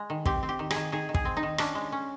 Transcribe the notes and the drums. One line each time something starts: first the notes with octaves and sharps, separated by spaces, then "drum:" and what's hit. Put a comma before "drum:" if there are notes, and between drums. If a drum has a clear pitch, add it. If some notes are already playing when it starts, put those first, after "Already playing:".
Already playing: G#3
D#3
C4 G4, drum: kick
C4
G4
D#3
G#4, drum: rim click
D#3
D#3 G#4
D#3
G#4, drum: kick
C4
D#4
D#3
C#4 D4, drum: rim click
G#3
C#4